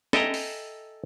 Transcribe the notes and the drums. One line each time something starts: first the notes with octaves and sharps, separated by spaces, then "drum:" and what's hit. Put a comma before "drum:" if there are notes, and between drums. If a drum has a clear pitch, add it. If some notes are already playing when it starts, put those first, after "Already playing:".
A4 D#5 E5 G5 G#5 A#5, drum: snare
drum: open hi-hat